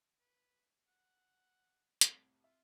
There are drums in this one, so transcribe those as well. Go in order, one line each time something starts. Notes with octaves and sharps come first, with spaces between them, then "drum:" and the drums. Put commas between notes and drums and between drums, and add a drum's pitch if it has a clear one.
B4
F#5
C2 A2 C4, drum: hi-hat
F4 E5